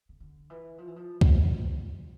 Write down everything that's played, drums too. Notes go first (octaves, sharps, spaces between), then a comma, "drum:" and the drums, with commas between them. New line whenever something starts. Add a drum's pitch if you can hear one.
C#3
D3
E3
F3
E3
F3
F3, drum: kick